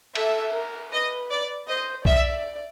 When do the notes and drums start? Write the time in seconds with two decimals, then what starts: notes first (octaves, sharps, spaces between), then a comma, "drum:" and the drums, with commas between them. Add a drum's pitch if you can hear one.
0.15 A4 E5, drum: cymbal
0.53 A#4
0.92 B4 D#5
1.30 D5
1.67 C5 D#5
2.05 D5 E5, drum: kick B1